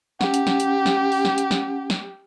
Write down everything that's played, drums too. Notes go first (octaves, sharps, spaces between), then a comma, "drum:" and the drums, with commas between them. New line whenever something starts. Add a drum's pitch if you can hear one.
C#4 G4 F#5 A5, drum: snare
drum: hi-hat
drum: snare
drum: hi-hat
drum: snare
drum: open hi-hat
drum: snare
drum: hi-hat
drum: snare
drum: snare